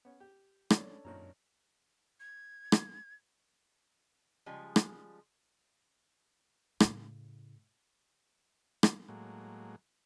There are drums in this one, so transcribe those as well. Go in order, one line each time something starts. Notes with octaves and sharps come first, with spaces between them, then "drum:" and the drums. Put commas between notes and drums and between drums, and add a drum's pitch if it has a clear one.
B3 C#4
G4
C#4 D4 A4 D5, drum: rim click
G#1 F#2 A#2 C#5 A#5
G#6
drum: rim click
C#3 F3 G3 G#3
drum: rim click
A2 C#3, drum: rim click
drum: rim click
A2 F#3 G#3 A#3